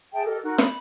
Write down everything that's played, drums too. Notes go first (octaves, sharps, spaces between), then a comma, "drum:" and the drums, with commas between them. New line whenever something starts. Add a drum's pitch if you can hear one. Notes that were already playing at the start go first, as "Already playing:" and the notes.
G#4 E5 G5 A5
G4 A4 A#4 D#5
D#4 F#4 A#4 F#6
B5, drum: snare